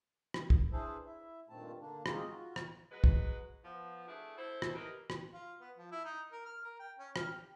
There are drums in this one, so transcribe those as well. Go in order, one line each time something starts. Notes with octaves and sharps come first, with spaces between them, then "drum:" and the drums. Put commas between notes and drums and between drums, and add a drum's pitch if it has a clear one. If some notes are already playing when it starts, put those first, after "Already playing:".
drum: rim click
drum: kick
D4 E4 G#4 A4 B4 C5
E4 E5
G2 A#2 D#3 A3 C4 A5
D3 A#3 D4
G#3 C4 D#4 F4 G4 G#4, drum: rim click
F4 F#4
drum: rim click
F#3 G#3 F#4 B4
drum: kick
F3 B3
A3 D4 E4 F#4 G#4
E4 A4 C5
drum: rim click
E4 G4 A#4 B4 D#5
drum: rim click
F4
B3
F3
E4
D#4
A#4
F6
A#4
G5
C#4
F6, drum: rim click
G4